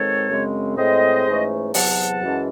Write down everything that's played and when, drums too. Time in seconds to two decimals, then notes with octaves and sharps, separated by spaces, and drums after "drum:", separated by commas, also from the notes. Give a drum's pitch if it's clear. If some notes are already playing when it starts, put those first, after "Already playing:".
Already playing: G#2 D#3 G#3 C4 A4 C#5
0.29 F#2 C#3 G#3 C4
0.77 A2 G#3 C4 C5 D#5
1.25 G#2 E3 A3 C#4
1.74 E2 C3 F#3 F#5 A5, drum: open hi-hat
2.22 F#2 E3 G#3 C#4